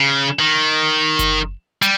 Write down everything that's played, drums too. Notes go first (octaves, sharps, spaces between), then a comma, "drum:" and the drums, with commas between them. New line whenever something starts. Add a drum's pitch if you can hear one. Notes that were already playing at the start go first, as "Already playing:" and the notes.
Already playing: C#3
D#3
drum: kick F#1, hi-hat
G3, drum: hi-hat